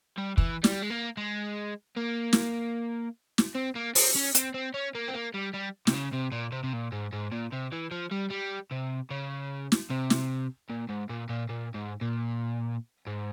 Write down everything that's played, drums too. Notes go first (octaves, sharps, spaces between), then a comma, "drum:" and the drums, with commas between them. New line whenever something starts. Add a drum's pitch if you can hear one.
G3
E3, drum: kick
G3, drum: snare
G#3
A#3
G#3
A#3
drum: snare
drum: snare
C4
A#3
C4, drum: open hi-hat
C#4
C4, drum: hi-hat
C4
C#4
A#3
C4
A#3
G3
G3
C3, drum: snare
C#3
C3
A#2
C3
C3
A#2
G#2
G#2
A#2
C3
E3
F3
G3
G3
C3
C#3
drum: snare
C3
drum: snare
A#2
G#2
A#2
A#2
A#2
G#2
A#2
G#2